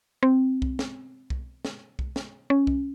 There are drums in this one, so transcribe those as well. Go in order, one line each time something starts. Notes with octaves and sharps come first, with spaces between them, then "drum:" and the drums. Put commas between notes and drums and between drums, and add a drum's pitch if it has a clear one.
C4
drum: kick B1
drum: snare
drum: kick B1
drum: snare
drum: kick B1
drum: snare
C#4
drum: kick B1